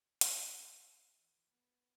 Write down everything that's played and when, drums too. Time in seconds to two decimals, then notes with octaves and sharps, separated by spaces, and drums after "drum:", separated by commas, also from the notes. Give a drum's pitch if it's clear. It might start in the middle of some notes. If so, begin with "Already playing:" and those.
0.21 D4, drum: hi-hat
0.60 E5
1.18 E3
1.49 B3